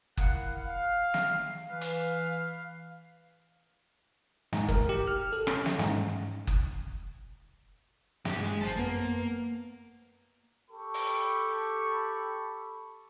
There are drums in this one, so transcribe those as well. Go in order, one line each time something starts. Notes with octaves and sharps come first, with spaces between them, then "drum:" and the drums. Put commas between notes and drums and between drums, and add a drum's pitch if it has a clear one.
E4 A#4 F5 F#5, drum: kick F#1
F5
drum: snare
E3 B4 F5
drum: hi-hat
G#2, drum: snare
A#4, drum: kick F#1
G4
F6
A4
C#4, drum: rim click
drum: snare
G#2, drum: snare
drum: kick F#1
E2 G2 G4, drum: snare
G#3
G#1 C5 A5
F#2 A#3 B3
G4 A4 B5 C#6
drum: open hi-hat